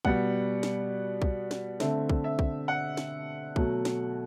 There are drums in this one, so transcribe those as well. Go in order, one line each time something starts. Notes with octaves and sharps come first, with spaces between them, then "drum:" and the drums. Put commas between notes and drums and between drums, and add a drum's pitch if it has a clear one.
B2 G3 B3 F#5, drum: kick
drum: snare
drum: kick
drum: snare
D3 A3 C4 E5, drum: snare
drum: kick
E5
drum: kick
F#5
drum: snare
B2 F#3 A3, drum: kick
drum: snare